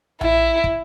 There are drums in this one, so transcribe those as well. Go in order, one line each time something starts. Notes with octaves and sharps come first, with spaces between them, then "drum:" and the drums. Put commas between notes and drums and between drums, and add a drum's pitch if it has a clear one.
E4, drum: tom A#1
drum: kick